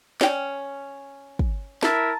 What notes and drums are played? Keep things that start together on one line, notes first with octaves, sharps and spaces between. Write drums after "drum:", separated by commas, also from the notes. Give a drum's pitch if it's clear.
C#4 D5 G5, drum: snare
drum: kick
E4 A#4 E5 A5 A#5 A6, drum: snare